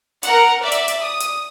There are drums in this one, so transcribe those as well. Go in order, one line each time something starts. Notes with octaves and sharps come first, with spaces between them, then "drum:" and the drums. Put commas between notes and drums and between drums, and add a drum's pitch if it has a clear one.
A#4 F#5, drum: hi-hat
D5 E5
drum: hi-hat
drum: hi-hat
D#6
drum: hi-hat